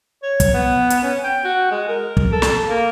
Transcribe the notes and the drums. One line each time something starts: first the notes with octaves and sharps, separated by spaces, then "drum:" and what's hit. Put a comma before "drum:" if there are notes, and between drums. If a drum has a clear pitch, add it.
C#5
drum: kick, hi-hat
B3
drum: hi-hat
C#4
G5
F#4
G#3
A#4
drum: kick
A4
drum: snare
A#3